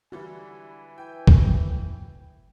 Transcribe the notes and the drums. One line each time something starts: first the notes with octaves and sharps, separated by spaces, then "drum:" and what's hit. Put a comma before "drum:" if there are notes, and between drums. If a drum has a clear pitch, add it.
D3 E3 G3 E4 F#4 G#5
E3 G5
drum: kick